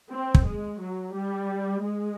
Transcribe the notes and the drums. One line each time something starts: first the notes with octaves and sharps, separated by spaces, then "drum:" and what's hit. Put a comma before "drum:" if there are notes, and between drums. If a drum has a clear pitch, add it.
C4
drum: kick
G#3
F#3
G3
G#3